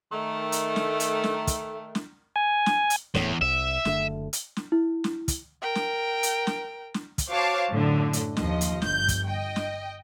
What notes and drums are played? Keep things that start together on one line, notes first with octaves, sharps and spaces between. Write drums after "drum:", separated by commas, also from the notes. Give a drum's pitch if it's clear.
D#3 A3
drum: hi-hat
drum: snare
drum: hi-hat
drum: snare
drum: kick, hi-hat
drum: snare
G#5
drum: snare
drum: hi-hat
D#1 E2 A2, drum: snare
C2 E5
F#1 D3 A3, drum: snare
drum: hi-hat
drum: snare
E4
drum: snare
drum: kick, hi-hat
A#4 G5
drum: snare
drum: hi-hat
drum: snare
drum: snare
drum: kick, hi-hat
F#4 C5 C#5 F5 A5 D6
F#2 A2 D3
drum: hi-hat
D#2 F3 D#5, drum: snare
drum: hi-hat
G1 G6, drum: snare
drum: kick, hi-hat
D#5 G5
drum: snare